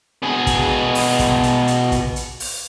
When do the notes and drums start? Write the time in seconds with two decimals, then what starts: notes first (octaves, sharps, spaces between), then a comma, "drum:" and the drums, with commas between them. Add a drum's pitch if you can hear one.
0.22 B2 G#4
0.47 drum: kick, hi-hat
0.95 drum: open hi-hat
1.19 drum: kick, hi-hat
1.43 drum: hi-hat
1.68 drum: hi-hat
1.92 drum: kick, hi-hat
2.16 drum: hi-hat
2.40 drum: open hi-hat